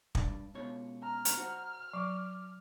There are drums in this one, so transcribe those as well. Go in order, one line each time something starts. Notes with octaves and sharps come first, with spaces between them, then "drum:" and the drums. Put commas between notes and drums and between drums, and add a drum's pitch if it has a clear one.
G2 D5, drum: kick
C#2 B2 C#5
A#5 F6
drum: hi-hat
F#4 C5 F#5
F#3 D6